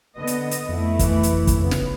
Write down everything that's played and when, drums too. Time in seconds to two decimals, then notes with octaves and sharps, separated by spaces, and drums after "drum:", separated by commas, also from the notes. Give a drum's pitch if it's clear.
0.17 D3 B3 D#5
0.27 drum: hi-hat
0.51 drum: hi-hat
0.69 F2 A3 E4
0.99 E3, drum: kick, hi-hat
1.23 drum: hi-hat
1.47 drum: kick, hi-hat
1.61 C#3 B3
1.71 drum: snare